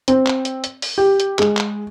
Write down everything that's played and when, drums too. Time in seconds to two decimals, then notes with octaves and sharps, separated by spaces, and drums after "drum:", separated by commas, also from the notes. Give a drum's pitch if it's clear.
0.08 C4, drum: hi-hat
0.26 drum: clap
0.45 drum: hi-hat
0.64 drum: hi-hat
0.82 drum: open hi-hat
0.98 G4
1.20 drum: hi-hat
1.39 G#3, drum: clap
1.57 drum: clap